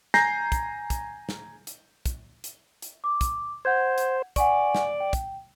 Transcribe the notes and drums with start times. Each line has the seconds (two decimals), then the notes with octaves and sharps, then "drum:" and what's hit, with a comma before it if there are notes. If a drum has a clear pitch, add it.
0.14 G#5 A#5 G6 A#6 C7, drum: snare
0.52 drum: kick, hi-hat
0.90 drum: kick, hi-hat
1.29 drum: snare
1.67 drum: hi-hat
2.06 drum: kick, hi-hat
2.44 drum: hi-hat
2.82 drum: hi-hat
3.04 D6
3.21 drum: kick, hi-hat
3.65 C5 F#5 G6 G#6
3.98 drum: hi-hat
4.36 D5 F#5 G#5 C#6, drum: kick, hi-hat
4.75 drum: snare
5.00 G5
5.13 drum: kick, hi-hat